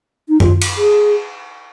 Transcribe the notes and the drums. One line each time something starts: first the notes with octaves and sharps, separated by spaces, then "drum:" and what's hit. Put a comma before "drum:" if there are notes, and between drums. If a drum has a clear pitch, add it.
D#4
F4, drum: tom F#2
drum: cymbal
G#4